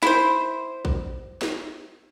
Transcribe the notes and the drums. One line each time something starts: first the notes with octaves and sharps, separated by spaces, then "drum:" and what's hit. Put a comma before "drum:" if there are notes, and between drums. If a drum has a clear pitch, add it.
E4 C5, drum: snare
drum: kick
drum: snare